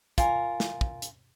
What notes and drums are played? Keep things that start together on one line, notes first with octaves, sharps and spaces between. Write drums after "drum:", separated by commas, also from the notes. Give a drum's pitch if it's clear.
F4 A#4 G#5, drum: kick, hi-hat
drum: snare
drum: kick
drum: hi-hat